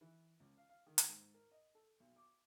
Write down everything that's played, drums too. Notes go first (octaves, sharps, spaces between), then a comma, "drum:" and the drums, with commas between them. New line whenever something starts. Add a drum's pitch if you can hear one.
E3
C#2
F5
F5
D#3
drum: hi-hat
G#2
A#4
D#5
A4
B1
D6